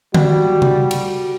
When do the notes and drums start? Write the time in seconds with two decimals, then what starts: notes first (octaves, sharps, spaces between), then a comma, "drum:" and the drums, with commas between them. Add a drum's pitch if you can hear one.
0.14 G3 F#4, drum: tom D3
0.62 drum: tom C3
0.91 drum: cymbal